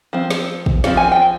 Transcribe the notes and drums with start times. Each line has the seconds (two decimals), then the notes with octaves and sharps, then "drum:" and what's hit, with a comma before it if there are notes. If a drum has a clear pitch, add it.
0.13 F3 C4
0.30 drum: snare
0.66 drum: kick
0.84 F3 C4 F4, drum: snare
0.97 G#5
1.12 G5